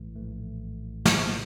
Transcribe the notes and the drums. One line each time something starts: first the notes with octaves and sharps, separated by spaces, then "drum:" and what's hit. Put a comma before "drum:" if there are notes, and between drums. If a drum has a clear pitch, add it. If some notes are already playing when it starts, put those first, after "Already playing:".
Already playing: A#1 A2 E3 A3
A#1 A2 E3 A3
A2 F#3 A#3 D#4 C5, drum: snare